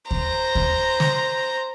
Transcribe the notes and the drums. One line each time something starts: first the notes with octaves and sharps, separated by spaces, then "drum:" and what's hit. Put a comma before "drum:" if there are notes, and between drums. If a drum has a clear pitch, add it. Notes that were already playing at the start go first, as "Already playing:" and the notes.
C5 A#5, drum: kick D#2
drum: kick D#2
drum: snare